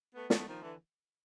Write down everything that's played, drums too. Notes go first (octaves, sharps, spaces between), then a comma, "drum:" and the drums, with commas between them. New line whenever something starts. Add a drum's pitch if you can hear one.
A3 B3
A3 B3, drum: snare
D#3 F3
D3 E3